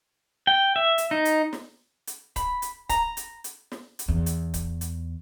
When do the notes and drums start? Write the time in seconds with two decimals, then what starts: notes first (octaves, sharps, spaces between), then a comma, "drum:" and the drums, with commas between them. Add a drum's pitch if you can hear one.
0.47 G5
0.76 E5
0.98 drum: hi-hat
1.11 D#4
1.25 drum: hi-hat
1.53 drum: snare
2.07 drum: hi-hat
2.36 B5, drum: kick C#1, hi-hat
2.62 drum: hi-hat
2.89 A#5, drum: kick C#1, hi-hat
3.17 drum: hi-hat
3.44 drum: hi-hat
3.72 drum: snare
3.99 drum: hi-hat
4.08 E2
4.26 drum: hi-hat
4.54 drum: kick C#1, hi-hat
4.81 drum: hi-hat